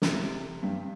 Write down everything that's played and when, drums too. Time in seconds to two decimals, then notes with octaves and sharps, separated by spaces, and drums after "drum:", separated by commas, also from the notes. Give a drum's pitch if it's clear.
0.02 C3, drum: snare
0.63 G2